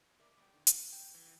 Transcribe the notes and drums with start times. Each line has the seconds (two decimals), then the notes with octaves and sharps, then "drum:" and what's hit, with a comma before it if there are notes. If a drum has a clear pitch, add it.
0.19 E4 A#4 D5
0.37 G3 B3 D5 E5 G5
0.53 D3 D#3
0.67 F#5, drum: hi-hat
0.92 G5 G6
1.15 E3